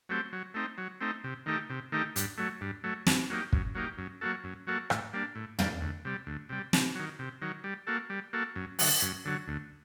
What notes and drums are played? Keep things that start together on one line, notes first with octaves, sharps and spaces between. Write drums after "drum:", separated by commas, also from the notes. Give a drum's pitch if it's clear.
F#3 A3 C4 G4
F#3
A3 C4 D#4
F#3
A3 C4 D#4
C3
D#3 A3 D#4 G4
C3
D#3 A3 D#4 G4
G2, drum: hi-hat
F#3 A3
G2
F#3 A3
F#2, drum: snare
F#3 A#3 D#4 G4
F#2, drum: kick
F#3 A#3 D#4 G4
F#2
F#3 A#3 F#4 A4
F#2
F#3 A#3 F#4 A4
A2, drum: rim click
G3 A#3 D4
A2
G3 A#3 D4, drum: tom
D2
C3 G3
D2
C3 G3
C3, drum: snare
D#3 F#3
C3
D#3 F#3
G3
A#3 F#4 A4
G3
A#3 F#4 A4
F#2
D3 F#3, drum: open hi-hat
F#2
D3 F#3
D2